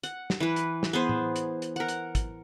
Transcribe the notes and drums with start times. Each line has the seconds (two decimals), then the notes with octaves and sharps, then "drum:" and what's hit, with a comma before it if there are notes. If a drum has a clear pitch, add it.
0.03 F#5, drum: hi-hat
0.30 drum: snare
0.40 E3 B4
0.56 drum: hi-hat
0.83 drum: snare
0.93 B3 G#4 C5
1.09 drum: tom A2
1.36 drum: hi-hat
1.62 drum: hi-hat
1.76 A#4 F#5
1.88 drum: hi-hat
2.15 drum: kick, hi-hat